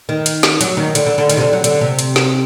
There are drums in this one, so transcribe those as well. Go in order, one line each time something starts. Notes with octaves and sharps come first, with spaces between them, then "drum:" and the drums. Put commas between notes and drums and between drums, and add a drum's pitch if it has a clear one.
D#3
drum: hi-hat
drum: snare
F#3, drum: hi-hat
D#3
D3, drum: hi-hat
D3
D3
D#3, drum: hi-hat
C3
D3
F#3
D3, drum: hi-hat
C3
drum: hi-hat
drum: snare